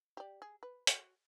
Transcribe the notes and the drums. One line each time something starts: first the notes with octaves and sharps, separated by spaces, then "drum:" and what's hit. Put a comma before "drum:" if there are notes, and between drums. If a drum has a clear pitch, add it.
G4 D5
G#4
B4
F#4, drum: hi-hat